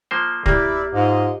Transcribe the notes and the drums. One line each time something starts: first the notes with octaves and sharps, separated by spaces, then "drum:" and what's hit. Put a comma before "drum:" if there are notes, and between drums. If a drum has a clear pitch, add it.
F3 A#3 C5
A#3 E4 G4 D5 E5, drum: kick
G#2 F4 D#5